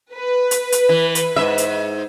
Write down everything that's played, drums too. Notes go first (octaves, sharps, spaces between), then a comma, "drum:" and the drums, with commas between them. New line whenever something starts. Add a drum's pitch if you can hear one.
B4
drum: hi-hat
drum: hi-hat
E3
drum: hi-hat
G#2 E5
drum: hi-hat